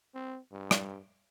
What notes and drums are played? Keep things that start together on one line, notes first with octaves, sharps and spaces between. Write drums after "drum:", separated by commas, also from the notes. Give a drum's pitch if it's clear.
C4
G2
drum: rim click